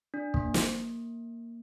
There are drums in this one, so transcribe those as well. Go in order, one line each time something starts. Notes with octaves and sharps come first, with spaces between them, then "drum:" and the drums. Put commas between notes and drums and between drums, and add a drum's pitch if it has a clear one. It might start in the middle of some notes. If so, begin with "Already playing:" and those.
D4
A#3, drum: kick
drum: snare